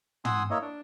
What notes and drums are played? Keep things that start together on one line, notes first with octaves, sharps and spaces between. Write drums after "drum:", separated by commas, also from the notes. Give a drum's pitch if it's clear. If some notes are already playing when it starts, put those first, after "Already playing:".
F#5 G#5 C6 D#6 E6, drum: tom
A#3 E4 C#5 D#5
D4